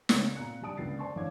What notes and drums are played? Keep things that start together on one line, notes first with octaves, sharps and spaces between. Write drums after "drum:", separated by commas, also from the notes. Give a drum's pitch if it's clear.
C#2 C#5, drum: snare
A#2 C4 A#5 F#6 C#7
D3 G3 G5 A5 D#6 D7
C#2 D3 A#3 A6 C7
C5 D5 A5 C6 C#6
A1 D3 C#5 F5 D6 G#6